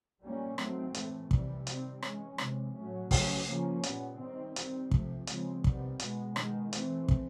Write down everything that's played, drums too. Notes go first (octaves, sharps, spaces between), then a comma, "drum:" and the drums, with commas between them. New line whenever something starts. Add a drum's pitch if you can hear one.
A#2 G3 A#3 C#4
D#3 F#3 A3 C4, drum: rim click
A2 E3 A3, drum: hi-hat
C3 E3 G3, drum: kick
D#3 G3 C4, drum: hi-hat
E3 G#3 C#4, drum: rim click
C3 E3 G#3, drum: rim click
A2 F#3 A3 C#4
C#3 F#3 A3 C#4, drum: kick, open hi-hat
C#3 F3 A#3 C#4
A#2 G3 B3, drum: hi-hat
D#3 G3 C4
D#3 G3 C4, drum: hi-hat
C3 F3 A3, drum: kick
C#3 F3 G#3 C4, drum: hi-hat
C3 D#3 G3 B3, drum: kick
B2 G#3 B3, drum: hi-hat
D#3 G#3 B3, drum: rim click
E3 A3 C4, drum: hi-hat
drum: kick